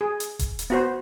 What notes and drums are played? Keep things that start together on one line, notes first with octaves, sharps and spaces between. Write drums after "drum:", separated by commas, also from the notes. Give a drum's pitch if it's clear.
G#4
drum: hi-hat
drum: kick D#1, hi-hat
drum: hi-hat
B3 F#4 C5